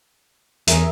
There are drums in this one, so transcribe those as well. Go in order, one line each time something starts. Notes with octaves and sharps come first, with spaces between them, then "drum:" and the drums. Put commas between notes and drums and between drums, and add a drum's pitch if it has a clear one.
E2 G#4 A#4 E5, drum: hi-hat